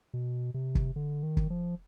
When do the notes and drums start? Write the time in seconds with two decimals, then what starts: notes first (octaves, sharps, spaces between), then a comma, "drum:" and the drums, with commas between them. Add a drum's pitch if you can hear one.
0.14 B2
0.54 C3
0.75 drum: kick
0.96 D3
1.23 D#3
1.37 drum: kick
1.50 F3